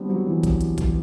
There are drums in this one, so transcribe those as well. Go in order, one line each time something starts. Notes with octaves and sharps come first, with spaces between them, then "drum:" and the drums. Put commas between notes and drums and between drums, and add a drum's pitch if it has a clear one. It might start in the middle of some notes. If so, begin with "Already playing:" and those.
Already playing: G3 B3 C4 D4
F#3
E3
drum: kick A1, hi-hat
drum: hi-hat
drum: kick A1, hi-hat